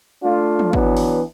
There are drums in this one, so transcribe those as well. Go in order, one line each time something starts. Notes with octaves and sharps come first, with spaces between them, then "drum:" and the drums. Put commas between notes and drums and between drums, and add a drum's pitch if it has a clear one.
A3 D4 F4
drum: tom
E3 F#3 B3 D4, drum: kick G#1
drum: open hi-hat